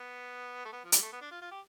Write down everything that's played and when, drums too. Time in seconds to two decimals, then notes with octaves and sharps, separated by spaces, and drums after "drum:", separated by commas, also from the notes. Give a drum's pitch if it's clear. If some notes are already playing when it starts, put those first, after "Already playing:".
Already playing: B3
0.65 A3
0.73 B3
0.84 F3
0.92 G3, drum: hi-hat
1.02 A3
1.13 B3
1.21 D4
1.31 F4
1.42 F4
1.51 G4